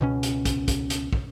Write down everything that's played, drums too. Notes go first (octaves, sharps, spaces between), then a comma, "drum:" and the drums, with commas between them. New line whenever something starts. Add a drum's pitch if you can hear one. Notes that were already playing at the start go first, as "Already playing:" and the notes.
C#2 B2 C#4
drum: hi-hat
drum: kick, hi-hat
drum: kick, hi-hat
drum: hi-hat
drum: kick